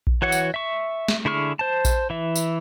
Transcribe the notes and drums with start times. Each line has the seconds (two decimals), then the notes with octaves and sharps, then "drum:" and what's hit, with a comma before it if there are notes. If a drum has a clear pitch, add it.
0.07 drum: kick A#1
0.22 E3 F#4 C#5 F#5
0.32 drum: tambourine
0.54 E5 C#6
1.08 drum: snare
1.25 D3 E4 G#4 C#6 F6
1.59 C5 A5
1.85 drum: kick A#1, tambourine
2.10 E3 E5
2.36 drum: tambourine